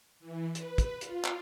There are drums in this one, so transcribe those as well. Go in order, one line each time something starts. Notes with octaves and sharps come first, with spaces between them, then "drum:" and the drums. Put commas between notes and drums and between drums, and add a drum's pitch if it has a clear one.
E3
B4, drum: hi-hat
drum: kick, hi-hat
F4, drum: hi-hat
drum: clap